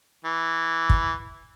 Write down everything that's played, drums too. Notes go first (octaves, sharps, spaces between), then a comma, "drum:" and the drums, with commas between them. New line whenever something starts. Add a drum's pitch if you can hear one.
E3
drum: kick